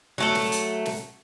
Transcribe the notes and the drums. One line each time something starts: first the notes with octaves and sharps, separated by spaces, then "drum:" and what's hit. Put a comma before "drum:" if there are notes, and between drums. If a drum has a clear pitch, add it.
F#3 A3 A4
drum: snare
drum: hi-hat
drum: snare